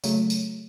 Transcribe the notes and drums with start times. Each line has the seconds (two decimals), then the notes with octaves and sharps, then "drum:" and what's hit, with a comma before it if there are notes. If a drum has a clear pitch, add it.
0.04 C#3 F#3 A3, drum: tambourine
0.30 drum: tambourine